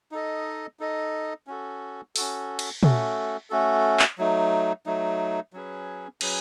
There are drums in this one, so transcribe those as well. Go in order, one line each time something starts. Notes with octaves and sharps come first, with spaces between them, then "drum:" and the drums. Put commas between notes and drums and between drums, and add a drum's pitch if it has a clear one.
D#4 A4 D#5
D#4 A4 D#5
C#4 F#4 A4
C#4 F#4 A4, drum: open hi-hat
drum: cymbal
A3 C#4 F#4 A4, drum: tom
A3 C#4 F#4 A4
drum: clap
F#3 A3 D#4
F#3 A3 D#4
F#3 C#4 G#4 B4
F#3 C#4 G#4 B4, drum: cymbal